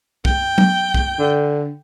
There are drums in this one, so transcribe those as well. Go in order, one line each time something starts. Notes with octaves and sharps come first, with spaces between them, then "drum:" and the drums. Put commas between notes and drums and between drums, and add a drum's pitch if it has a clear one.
G5, drum: kick
drum: tom F#3
drum: kick
D3